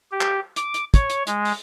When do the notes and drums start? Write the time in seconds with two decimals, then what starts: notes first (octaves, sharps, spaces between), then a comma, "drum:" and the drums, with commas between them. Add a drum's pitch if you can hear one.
0.11 G4
0.21 drum: clap
0.56 D6, drum: hi-hat
0.74 drum: hi-hat
0.94 C#5, drum: kick, hi-hat
1.10 drum: hi-hat
1.27 G#3, drum: hi-hat
1.45 drum: open hi-hat